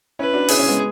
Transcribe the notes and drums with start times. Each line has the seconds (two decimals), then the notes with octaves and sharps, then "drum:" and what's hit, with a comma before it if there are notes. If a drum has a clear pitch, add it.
0.19 C#4 E4 B4
0.33 D4 F#4
0.48 C#4 E4 G#4, drum: open hi-hat
0.59 C#4 E4
0.68 G#3 B3